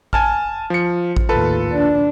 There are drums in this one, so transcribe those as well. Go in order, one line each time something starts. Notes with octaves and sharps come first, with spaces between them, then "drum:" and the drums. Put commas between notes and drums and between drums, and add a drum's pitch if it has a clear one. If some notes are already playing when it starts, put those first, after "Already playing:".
G#5 A5 F6, drum: kick A1
F3 C#7
drum: kick A1
D#2 A2 F4 A4 B4
D4